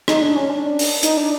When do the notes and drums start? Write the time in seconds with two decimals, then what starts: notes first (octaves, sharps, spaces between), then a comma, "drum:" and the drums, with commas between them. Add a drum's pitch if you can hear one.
0.08 D#4, drum: rim click
0.22 D4
0.36 C#4
0.50 D4
0.79 drum: open hi-hat
1.03 D#4, drum: hi-hat
1.17 D4